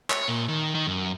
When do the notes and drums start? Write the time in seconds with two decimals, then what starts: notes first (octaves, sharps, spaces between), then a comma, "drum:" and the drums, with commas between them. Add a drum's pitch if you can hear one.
0.10 C#5, drum: clap
0.28 A#2
0.48 D#3
0.75 D#3
0.87 F#2